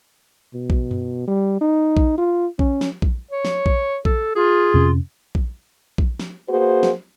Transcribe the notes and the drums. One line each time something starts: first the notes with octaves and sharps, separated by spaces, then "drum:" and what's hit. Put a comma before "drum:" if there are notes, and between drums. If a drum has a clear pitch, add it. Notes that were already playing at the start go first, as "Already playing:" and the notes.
B2
drum: kick A#1
drum: tom F#2
G3
D#4
drum: kick A#1
F4
C#4, drum: kick A#1
drum: snare
drum: kick A#1
C#5
drum: snare
drum: kick A#1
A4, drum: kick A#1
F4 G#4
F2 C3 C#4
drum: kick A#1
drum: kick A#1
drum: snare
A#3 F#4 G#4 B4 C5
drum: snare